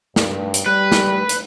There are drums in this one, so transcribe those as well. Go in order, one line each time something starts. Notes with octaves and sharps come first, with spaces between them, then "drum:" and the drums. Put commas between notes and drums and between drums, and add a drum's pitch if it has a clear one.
G2, drum: snare
drum: hi-hat
G3 B4
drum: snare
drum: hi-hat